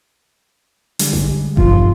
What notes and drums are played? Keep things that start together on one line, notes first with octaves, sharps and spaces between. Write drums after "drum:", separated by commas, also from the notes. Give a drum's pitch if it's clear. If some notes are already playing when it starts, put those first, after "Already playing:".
D3 G3 G#3, drum: hi-hat
drum: snare A1
F1 G2 F4, drum: kick G#1